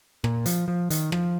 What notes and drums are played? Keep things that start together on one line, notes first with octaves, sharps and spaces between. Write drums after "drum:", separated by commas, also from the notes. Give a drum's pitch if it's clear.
A#2, drum: rim click
F3, drum: hi-hat
F3
D#3, drum: hi-hat
F3, drum: rim click